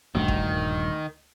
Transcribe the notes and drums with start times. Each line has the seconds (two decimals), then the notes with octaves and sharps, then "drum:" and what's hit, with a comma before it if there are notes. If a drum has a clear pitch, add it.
0.15 D#1 G#1 D2 G2 D#3
0.28 drum: kick